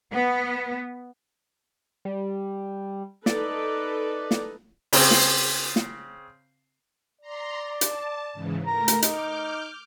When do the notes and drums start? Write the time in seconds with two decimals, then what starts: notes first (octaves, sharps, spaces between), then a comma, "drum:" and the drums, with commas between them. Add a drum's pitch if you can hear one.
0.11 B3
2.05 G3
3.26 D#4 A4 B4 D5, drum: snare
4.31 drum: snare
4.93 C#3 C4, drum: open hi-hat
5.11 drum: snare
5.76 drum: snare
7.21 D5 A#5 C6
7.81 A5, drum: hi-hat
8.33 G#2 C#3 E3
8.65 A3 A#4 A#5
8.88 drum: hi-hat
9.02 D#4 D6 F6 G6, drum: hi-hat